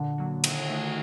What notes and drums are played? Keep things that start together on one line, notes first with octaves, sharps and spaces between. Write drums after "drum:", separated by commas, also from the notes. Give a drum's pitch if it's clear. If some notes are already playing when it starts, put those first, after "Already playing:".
Already playing: A#2 D3
F#3 A#3 F#4
D#3, drum: cymbal
A3 D#4 F#4